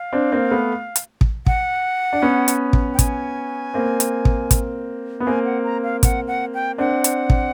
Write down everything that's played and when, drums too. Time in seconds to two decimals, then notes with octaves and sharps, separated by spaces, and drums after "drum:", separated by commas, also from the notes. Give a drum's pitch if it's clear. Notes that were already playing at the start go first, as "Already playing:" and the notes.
Already playing: F5
0.13 C4 D4
0.32 A#3 C4
0.51 A3 B3
0.96 drum: hi-hat
1.21 drum: kick
1.46 F#5, drum: kick
2.13 D4
2.22 B3 C#4
2.48 drum: hi-hat
2.73 drum: kick
2.94 G5
2.99 G#5, drum: kick, hi-hat
3.74 A#3 C4
4.00 drum: hi-hat
4.25 drum: kick
4.51 drum: kick, hi-hat
5.20 B3
5.26 A#3 C4 G#5
5.45 F#5
5.64 A#5
5.84 F5
6.03 F#5, drum: kick, hi-hat
6.28 F#5
6.54 G5
6.78 C4 D4 F#5
7.04 drum: hi-hat
7.30 drum: kick